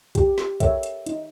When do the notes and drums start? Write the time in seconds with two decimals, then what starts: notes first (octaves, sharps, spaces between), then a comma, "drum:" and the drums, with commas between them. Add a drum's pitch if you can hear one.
0.15 G4, drum: kick, hi-hat
0.38 drum: snare
0.60 A#4 C#5 E5 G5, drum: kick, hi-hat
0.83 drum: hi-hat
1.06 D#4, drum: hi-hat